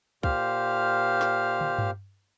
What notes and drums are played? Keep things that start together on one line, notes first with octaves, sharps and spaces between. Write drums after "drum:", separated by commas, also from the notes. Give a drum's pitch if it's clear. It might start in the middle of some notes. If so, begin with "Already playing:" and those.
A#2 G4 C5 F5 F6, drum: kick
drum: snare
drum: tom
drum: tom G2